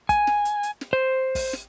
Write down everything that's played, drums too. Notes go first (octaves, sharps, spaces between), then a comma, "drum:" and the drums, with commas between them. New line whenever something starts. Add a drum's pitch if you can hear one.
G#5, drum: kick, hi-hat
drum: snare
drum: hi-hat
drum: hi-hat
drum: snare
C5
drum: kick, open hi-hat
drum: snare